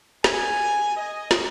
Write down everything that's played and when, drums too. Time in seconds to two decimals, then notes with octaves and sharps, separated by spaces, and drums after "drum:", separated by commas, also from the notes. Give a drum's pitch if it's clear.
0.24 G#5, drum: snare
0.96 D#5
1.31 drum: snare